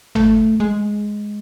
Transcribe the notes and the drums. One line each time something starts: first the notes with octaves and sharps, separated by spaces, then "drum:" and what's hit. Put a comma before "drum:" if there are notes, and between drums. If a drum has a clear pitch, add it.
A3, drum: tom
G#3